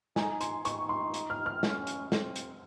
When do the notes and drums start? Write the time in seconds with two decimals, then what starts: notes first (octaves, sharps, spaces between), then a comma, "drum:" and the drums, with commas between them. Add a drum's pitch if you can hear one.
0.16 D#4 G#5, drum: snare
0.41 C6, drum: hi-hat
0.65 D#4 C#6, drum: hi-hat
0.89 C6
1.14 drum: hi-hat
1.30 F6
1.46 F6
1.63 C#4, drum: snare
1.87 drum: hi-hat
2.12 C4, drum: snare
2.36 drum: hi-hat